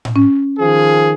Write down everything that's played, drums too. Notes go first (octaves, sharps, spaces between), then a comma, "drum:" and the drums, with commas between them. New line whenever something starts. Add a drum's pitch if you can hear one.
drum: tom A2
C#4
D#3 F3 G#4